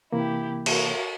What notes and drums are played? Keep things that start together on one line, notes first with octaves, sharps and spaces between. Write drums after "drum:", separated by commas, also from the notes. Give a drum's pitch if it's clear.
C3 E3 A#3 E4 G4
F#4 A#4 F5, drum: cymbal